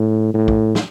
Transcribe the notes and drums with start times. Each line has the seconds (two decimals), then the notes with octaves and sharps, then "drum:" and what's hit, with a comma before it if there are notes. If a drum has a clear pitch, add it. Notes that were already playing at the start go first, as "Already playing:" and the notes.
Already playing: A2
0.34 A2
0.48 drum: kick
0.75 drum: snare